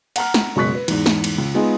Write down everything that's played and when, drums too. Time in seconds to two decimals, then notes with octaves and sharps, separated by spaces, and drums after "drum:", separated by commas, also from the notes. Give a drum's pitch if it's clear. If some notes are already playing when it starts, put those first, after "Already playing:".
0.16 F#5 A#5 F6, drum: cymbal
0.34 drum: snare
0.56 F#1 B2 G#3 C#6 F#6 B6
0.75 B4
0.88 E2 G#2, drum: cymbal
1.06 drum: snare
1.24 drum: cymbal
1.38 C#2
1.54 G#3 B3 D#4 F4 G#4